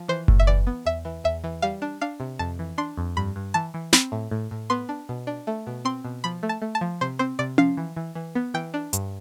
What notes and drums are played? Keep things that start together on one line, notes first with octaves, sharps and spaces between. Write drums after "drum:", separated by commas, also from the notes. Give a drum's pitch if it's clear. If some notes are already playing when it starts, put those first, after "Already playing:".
Already playing: F3
E3 C5
A2, drum: kick F#1
E5
E3 D5
B3
E2 E5
E3
E2 E5
E3
G3 F5
D4
D4 F5
C3
F2 A5
E3
D4 C6
F2
G2 B5
G2
E3 A5
E3
C4 B5, drum: snare
A2
A2
A2
B3 C6
D4
B2
D4
A3
B2
C4 C6
B2
F3 B5
A3
A5
A3
A5
F3
C3 C5
C4 C5
C3 D5
F3 F5, drum: tom C#4
E3
E3
E3
B3
E3 G5
D4
G2, drum: hi-hat